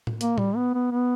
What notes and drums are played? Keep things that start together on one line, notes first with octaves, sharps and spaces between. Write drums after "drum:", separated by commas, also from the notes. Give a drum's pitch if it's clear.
drum: tom A2
A#3, drum: hi-hat
G3, drum: tom A2
B3
B3
B3